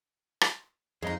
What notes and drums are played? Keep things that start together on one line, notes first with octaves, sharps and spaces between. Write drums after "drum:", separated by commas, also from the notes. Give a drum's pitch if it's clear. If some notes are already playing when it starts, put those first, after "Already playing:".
drum: rim click
F2 D#4 G#4 D#5 A#5